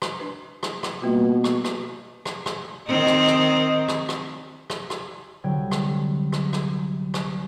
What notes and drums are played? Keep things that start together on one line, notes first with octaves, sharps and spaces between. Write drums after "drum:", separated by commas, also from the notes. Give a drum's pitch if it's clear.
drum: rim click
D4 B4
drum: rim click
drum: rim click
B2 G3 A#3 F4
drum: rim click
drum: rim click
drum: rim click
drum: rim click
D#3 C4 D#4
drum: rim click
drum: rim click
drum: rim click
drum: rim click
drum: rim click
drum: rim click
C2 D3 F#3 G5 G#6
drum: rim click
drum: rim click
drum: rim click
drum: rim click